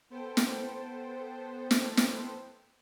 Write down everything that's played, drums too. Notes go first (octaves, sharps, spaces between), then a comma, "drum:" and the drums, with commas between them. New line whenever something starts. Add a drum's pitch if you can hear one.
B3 A4 C5 G5
drum: snare
drum: snare
drum: snare